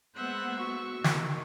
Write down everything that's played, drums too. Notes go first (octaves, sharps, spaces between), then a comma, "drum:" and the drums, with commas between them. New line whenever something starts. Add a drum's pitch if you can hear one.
G#3 A#3 B3 C5 E5 F#5
F#4 C#6
D#3, drum: snare